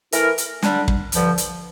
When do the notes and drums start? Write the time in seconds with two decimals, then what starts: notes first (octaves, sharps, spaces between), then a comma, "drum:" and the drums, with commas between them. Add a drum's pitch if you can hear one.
0.12 E3 A3 E4 A#4, drum: hi-hat
0.38 drum: hi-hat
0.63 D3 G3 D4, drum: snare
0.88 drum: kick
1.12 G2 D3 F3, drum: hi-hat
1.38 drum: hi-hat